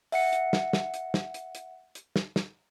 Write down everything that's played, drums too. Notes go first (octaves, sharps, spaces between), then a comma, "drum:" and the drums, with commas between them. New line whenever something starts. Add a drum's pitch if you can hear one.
E5 F#5 C#7, drum: open hi-hat
drum: hi-hat
drum: snare
drum: snare
drum: hi-hat
drum: snare
drum: hi-hat
drum: hi-hat
drum: hi-hat
drum: snare
drum: snare